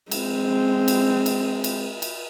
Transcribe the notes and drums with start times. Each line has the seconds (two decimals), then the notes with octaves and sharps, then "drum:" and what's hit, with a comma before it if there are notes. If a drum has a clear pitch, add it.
0.11 G#3 C4, drum: cymbal
0.88 drum: cymbal
1.26 drum: cymbal
1.64 drum: cymbal
2.02 drum: cymbal